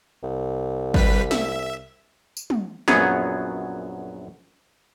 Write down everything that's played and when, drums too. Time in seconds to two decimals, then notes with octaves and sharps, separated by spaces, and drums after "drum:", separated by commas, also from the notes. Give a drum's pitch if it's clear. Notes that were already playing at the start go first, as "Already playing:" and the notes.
0.23 C2
0.94 G3 B4 B6, drum: kick
1.31 E5, drum: snare
2.37 drum: tambourine
2.50 drum: tom
2.88 A#1 F#2 F#3 B3 G#4 C#5, drum: snare